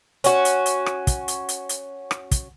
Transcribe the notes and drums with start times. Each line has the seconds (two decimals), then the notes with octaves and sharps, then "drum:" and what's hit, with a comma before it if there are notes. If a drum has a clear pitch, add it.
0.24 C#4 F#4, drum: hi-hat
0.45 drum: hi-hat
0.66 drum: hi-hat
0.86 drum: rim click
1.07 drum: kick, hi-hat
1.28 drum: hi-hat
1.49 drum: hi-hat
1.69 drum: hi-hat
2.11 drum: rim click
2.31 drum: kick, hi-hat